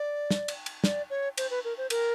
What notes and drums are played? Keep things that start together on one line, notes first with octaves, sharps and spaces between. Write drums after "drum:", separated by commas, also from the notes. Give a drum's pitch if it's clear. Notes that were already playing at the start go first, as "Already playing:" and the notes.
Already playing: D5
drum: snare
drum: cymbal
drum: cymbal
D5, drum: snare
C#5
C5, drum: cymbal
B4
A#4
C5
A#4, drum: cymbal